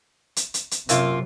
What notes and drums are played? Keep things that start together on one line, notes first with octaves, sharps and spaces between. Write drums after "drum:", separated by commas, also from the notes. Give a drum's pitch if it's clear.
drum: hi-hat
drum: hi-hat
drum: hi-hat
F#2 C3 F#3 A#3 F4, drum: hi-hat